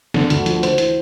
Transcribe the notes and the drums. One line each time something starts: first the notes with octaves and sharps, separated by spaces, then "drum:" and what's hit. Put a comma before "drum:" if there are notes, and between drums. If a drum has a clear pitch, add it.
D3, drum: snare
D2, drum: hi-hat
F3, drum: hi-hat
C5, drum: hi-hat
E3, drum: hi-hat